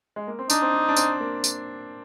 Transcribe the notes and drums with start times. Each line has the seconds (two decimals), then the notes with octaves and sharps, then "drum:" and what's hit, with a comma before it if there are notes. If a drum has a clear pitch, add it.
0.16 G#3
0.28 A#3
0.39 C4
0.50 D4 D#4, drum: tambourine
0.62 C4
0.74 D4
0.89 D4
0.97 C4, drum: tambourine
1.21 A#3
1.44 drum: tambourine